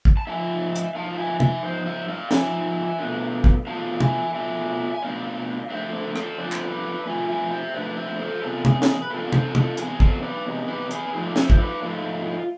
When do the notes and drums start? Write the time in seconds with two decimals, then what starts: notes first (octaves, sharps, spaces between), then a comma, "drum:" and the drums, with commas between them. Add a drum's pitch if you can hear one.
0.05 drum: kick
0.17 A5
0.27 G#2 F3 F4 E5 G#5
0.75 drum: hi-hat
0.95 G#2 F3 F4 F5 A5
1.18 E5 G#5
1.40 E5 G#5, drum: tom C3
1.63 G#2 F3 C5
1.86 C5 E5
2.08 D5 F5
2.31 G#2 F3 E5 G#5, drum: snare
2.99 B2 A3 D4 F4
3.44 drum: kick
3.67 B2 A3 D4 F4 F5 A5
4.00 E5 G#5, drum: tom
4.34 B2 A3 D4 F4 E5 G#5
4.95 G#5
5.02 B2 A3 D4 F4 D5 F5
5.70 F2 D3 A3 D4 F4 C5 E5
5.93 A4 C5
6.16 A4 C5, drum: rim click
6.38 F2 D3 A3 D4 F4 D5
6.52 C5, drum: clap
6.65 B4 D5
7.06 F2 D3 A3 D4 F4 E5 G#5
7.29 E5 G#5
7.51 C5 E5
7.74 F2 D3 A3 D4 F4 B4 D5
7.97 C5 E5
8.19 A4 C5
8.41 E2 C3 G#3 F4 A4
8.65 G#4, drum: tom
8.82 A4, drum: snare
8.87 G#4
9.02 B4
9.10 E2 C3 G#3 F4 A4
9.27 D5
9.32 A4 C5, drum: tom
9.55 F4 A4, drum: tom
9.77 E2 C3 G#3 G#4, drum: hi-hat
10.00 A4 C5, drum: kick
10.23 B4 D5
10.45 E2 C3 G#3
10.68 B4 D5
10.91 G#4 B4, drum: hi-hat
11.14 G#2 F3 A3 E4 G#4
11.27 D5
11.36 C5 E5, drum: snare
11.50 C5, drum: kick
11.59 B4 D5
11.81 G#2 F3 A3 E4 F4